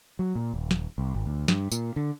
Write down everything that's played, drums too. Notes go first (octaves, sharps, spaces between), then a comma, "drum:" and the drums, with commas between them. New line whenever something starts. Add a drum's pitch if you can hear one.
F#3
A#2
D#1
drum: snare
C2
G#1
D2
G2, drum: snare
A#2, drum: tambourine
D3